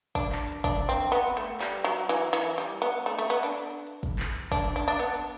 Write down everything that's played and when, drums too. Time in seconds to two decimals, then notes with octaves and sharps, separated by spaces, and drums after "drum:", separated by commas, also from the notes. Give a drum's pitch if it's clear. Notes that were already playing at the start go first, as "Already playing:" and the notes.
0.15 D4, drum: kick, hi-hat
0.32 drum: clap
0.48 drum: hi-hat
0.64 D4, drum: kick, hi-hat
0.89 C4
1.12 B3, drum: hi-hat
1.37 A3
1.61 G3, drum: clap
1.84 F#3
2.09 E3, drum: hi-hat
2.33 E3
2.58 G3, drum: hi-hat
2.82 B3
3.06 A3, drum: hi-hat
3.18 A3
3.30 B3
3.43 D4
3.55 drum: hi-hat
3.71 drum: hi-hat
3.87 drum: hi-hat
4.03 drum: kick, hi-hat
4.19 drum: clap
4.35 drum: hi-hat
4.52 D4, drum: kick, hi-hat
4.76 D4
4.88 D4
4.99 B3, drum: hi-hat
5.16 drum: hi-hat